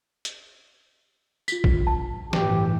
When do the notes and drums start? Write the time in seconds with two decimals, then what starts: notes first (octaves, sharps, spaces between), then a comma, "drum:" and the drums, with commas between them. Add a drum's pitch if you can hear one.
0.25 drum: hi-hat
1.48 F4 B6, drum: tambourine
1.64 drum: kick A#1
1.87 A5
2.33 G1 A2 E3 G4, drum: snare